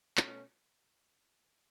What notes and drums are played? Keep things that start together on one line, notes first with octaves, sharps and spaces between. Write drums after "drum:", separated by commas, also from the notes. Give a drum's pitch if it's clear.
B2 A3 C#4, drum: clap